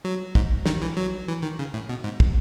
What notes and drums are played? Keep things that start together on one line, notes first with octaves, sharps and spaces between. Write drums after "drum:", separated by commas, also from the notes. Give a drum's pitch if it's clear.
F#3
G#2, drum: kick
D#3, drum: snare
E3
F#3
E3
D#3
C#3
A2
B2
G#2
drum: kick